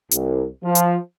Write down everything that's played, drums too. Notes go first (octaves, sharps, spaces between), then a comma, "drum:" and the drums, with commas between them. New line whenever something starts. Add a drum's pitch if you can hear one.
C2, drum: hi-hat
F3
drum: hi-hat